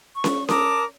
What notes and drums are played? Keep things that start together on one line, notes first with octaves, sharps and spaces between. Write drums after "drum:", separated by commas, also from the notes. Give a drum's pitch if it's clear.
C#6
drum: snare C#4
A#4 A5 D6 D#6, drum: snare C#4